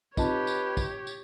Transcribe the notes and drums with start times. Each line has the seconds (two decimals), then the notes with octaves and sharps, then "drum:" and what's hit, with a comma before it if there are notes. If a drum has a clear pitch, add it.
0.17 C4 D#4 F4 G4 B4 C#5 D#5 A5, drum: kick, tambourine
0.47 drum: tambourine
0.77 drum: kick, tambourine
1.07 drum: tambourine